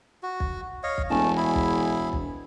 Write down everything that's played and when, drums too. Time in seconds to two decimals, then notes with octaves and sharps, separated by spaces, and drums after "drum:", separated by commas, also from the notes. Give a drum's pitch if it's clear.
0.23 F#4
0.40 drum: kick
0.83 C#5 D#5 F5
0.98 drum: kick
1.10 E1 A3 C#4 A5
1.37 E4 G#4 B5
1.55 drum: kick
2.13 drum: kick